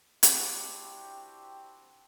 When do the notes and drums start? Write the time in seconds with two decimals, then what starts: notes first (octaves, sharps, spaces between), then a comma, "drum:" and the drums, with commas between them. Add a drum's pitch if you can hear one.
0.23 C4 D4 E4 F#4 G4, drum: hi-hat